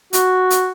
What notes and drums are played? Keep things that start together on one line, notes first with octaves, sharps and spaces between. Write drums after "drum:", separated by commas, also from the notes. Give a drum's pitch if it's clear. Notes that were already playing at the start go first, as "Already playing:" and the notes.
F#4, drum: hi-hat
drum: hi-hat